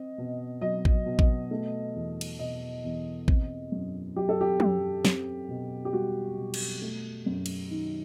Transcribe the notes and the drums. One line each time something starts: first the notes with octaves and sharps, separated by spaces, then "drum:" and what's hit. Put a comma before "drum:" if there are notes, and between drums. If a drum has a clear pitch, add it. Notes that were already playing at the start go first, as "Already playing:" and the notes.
Already playing: C4 D#5
B2
F#3 D#5
drum: kick A1
B2
drum: kick A1
A3
E2
drum: cymbal
B2 D#5
E2
C4, drum: kick A1
F#2
F#3 G4
A4
G4
F#2, drum: tom
C4, drum: snare
B2
G4
G3 F#4
B2
drum: cymbal
A3
F#2
drum: cymbal
D#3